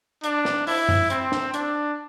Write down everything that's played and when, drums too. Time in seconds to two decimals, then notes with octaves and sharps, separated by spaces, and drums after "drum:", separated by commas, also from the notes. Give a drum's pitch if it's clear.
0.24 D4, drum: hi-hat
0.45 drum: snare
0.67 E4, drum: open hi-hat
0.89 drum: tom F#2
1.10 C4, drum: hi-hat
1.32 drum: snare
1.54 D4, drum: hi-hat